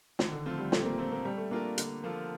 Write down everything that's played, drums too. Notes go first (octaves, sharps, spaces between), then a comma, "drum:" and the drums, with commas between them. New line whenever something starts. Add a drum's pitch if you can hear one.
D3 D#3, drum: snare
D3
F3 A3 C4 F4
G3
A#2 A3, drum: snare
C4
A#3
F3 A3 C4
A#3
G3 A3
A3
A#3 D4 F4 A#4
D3, drum: hi-hat
F3 A#3 F4 A4